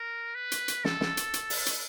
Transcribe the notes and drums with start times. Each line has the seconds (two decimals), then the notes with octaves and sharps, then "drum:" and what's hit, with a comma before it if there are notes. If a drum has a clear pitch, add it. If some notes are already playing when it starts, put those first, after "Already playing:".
Already playing: A#4
0.35 B4
0.52 drum: hi-hat
0.68 drum: hi-hat
0.85 A4, drum: snare
1.01 drum: snare
1.17 drum: hi-hat
1.34 drum: hi-hat
1.50 drum: open hi-hat
1.66 drum: hi-hat